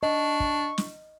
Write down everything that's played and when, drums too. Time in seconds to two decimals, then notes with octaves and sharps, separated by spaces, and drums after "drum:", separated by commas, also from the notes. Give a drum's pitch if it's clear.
0.03 D4 D#5 C#6
0.40 drum: kick
0.78 drum: snare